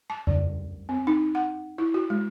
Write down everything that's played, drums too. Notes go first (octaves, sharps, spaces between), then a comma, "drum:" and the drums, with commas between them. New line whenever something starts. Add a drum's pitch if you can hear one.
A5
D5, drum: tom F2
C4
D#4
F#5
E4
F#4
G#3